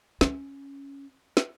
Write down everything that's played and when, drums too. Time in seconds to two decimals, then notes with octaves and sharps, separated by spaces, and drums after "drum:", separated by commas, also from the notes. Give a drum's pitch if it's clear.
0.21 C#4, drum: snare
1.37 drum: snare